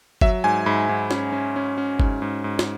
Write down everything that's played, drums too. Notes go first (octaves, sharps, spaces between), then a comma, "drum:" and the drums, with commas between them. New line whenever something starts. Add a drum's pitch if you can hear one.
F#3 E5, drum: kick G1
G#2 G#5
G#2 B5
G#2
C#4, drum: snare
C#4
C#4
C#4
G#2, drum: kick G1
G#2
G#2
drum: snare